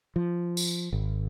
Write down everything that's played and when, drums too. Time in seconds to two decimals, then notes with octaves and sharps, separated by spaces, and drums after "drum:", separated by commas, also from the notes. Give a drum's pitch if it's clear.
0.16 F3
0.57 drum: tambourine
0.93 G#1